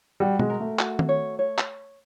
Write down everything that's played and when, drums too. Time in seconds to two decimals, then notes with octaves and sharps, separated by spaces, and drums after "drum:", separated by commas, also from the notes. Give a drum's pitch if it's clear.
0.20 G3 F#4
0.39 G#3, drum: tom B2
0.50 A#4
0.60 A3
0.79 F#4, drum: clap
0.99 drum: tom D#3
1.09 C#5
1.39 C#5
1.58 drum: clap